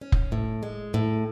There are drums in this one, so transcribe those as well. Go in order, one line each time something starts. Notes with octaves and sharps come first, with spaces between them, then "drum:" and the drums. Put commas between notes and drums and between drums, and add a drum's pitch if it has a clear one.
C#4
drum: kick F1
A2
G#3
A2